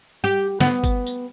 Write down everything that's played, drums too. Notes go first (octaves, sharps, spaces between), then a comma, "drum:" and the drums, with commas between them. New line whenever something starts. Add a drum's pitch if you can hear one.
G4
B3, drum: snare
drum: kick, tambourine
drum: tambourine